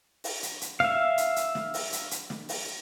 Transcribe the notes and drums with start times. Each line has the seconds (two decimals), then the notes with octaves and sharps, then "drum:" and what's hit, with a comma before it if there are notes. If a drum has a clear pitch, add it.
0.24 drum: open hi-hat
0.43 drum: hi-hat
0.61 drum: hi-hat
0.80 E5 F5, drum: snare
1.18 drum: hi-hat
1.36 drum: hi-hat
1.55 drum: snare
1.74 drum: open hi-hat
1.92 drum: hi-hat
2.11 drum: hi-hat
2.30 drum: snare
2.49 drum: open hi-hat